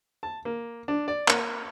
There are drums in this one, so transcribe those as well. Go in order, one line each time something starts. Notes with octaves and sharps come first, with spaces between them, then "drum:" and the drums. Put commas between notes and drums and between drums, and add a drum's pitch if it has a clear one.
A5
A#3
D4
D5
A#3, drum: clap